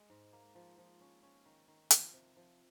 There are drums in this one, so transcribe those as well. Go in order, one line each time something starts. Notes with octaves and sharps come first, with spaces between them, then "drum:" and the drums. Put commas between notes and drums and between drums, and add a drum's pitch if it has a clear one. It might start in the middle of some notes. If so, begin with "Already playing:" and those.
Already playing: G#3
G#2
A#3
F3
F3
C#4
C#4
D#3
D#3
F3, drum: hi-hat
C3
F3